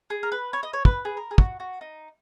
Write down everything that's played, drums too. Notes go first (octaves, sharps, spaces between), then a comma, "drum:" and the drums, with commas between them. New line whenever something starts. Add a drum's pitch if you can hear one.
G#4
A#4
B4
C#5
D#5
C#5
B4, drum: kick
G#4
A#4
G#4
F#4, drum: kick
F#4
D#4